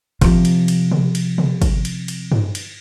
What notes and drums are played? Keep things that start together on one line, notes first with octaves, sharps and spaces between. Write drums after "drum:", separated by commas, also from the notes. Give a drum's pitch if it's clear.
C3 F3, drum: kick, cymbal
drum: cymbal
drum: cymbal
drum: tom C3
drum: cymbal
drum: tom C3
drum: kick, cymbal
drum: cymbal
drum: cymbal
drum: tom G2
drum: cymbal